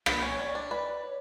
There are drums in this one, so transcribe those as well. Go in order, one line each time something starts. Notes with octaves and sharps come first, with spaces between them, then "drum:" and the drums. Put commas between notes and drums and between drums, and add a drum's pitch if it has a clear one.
B3, drum: rim click
C#4
C#5
C#4 D5
D4
B4
C#5